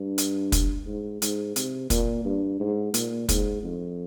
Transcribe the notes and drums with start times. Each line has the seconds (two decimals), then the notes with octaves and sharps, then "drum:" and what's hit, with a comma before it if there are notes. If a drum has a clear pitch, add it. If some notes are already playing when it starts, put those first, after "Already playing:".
Already playing: G2
0.18 drum: hi-hat
0.52 drum: kick, hi-hat
0.86 G#2
1.22 G#2, drum: hi-hat
1.56 C3, drum: hi-hat
1.90 A#2, drum: kick, hi-hat
2.25 G2
2.60 G#2
2.94 A#2, drum: hi-hat
3.29 G#2, drum: kick, hi-hat
3.63 F2